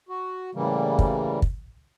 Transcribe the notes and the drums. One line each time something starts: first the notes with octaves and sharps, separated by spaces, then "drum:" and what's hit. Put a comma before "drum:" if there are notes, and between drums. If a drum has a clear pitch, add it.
F#4
A2 C#3 E3 G3 A#3
drum: kick
drum: kick